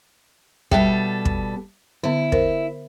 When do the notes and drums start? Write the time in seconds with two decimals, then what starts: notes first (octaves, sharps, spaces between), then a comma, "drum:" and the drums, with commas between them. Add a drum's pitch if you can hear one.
0.71 B2 G3 A4 E5 G5, drum: kick
1.25 drum: kick
2.04 D3 B3 E4
2.32 A#4 C5, drum: kick